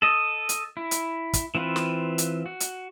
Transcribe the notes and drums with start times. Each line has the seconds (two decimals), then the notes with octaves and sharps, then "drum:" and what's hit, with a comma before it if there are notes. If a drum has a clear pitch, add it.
0.02 A4 D#5
0.49 drum: hi-hat
0.77 E4
0.91 drum: hi-hat
1.33 drum: kick, hi-hat
1.55 E3 C4 F4 B4
1.76 drum: snare
2.18 drum: hi-hat
2.46 F#4
2.60 drum: hi-hat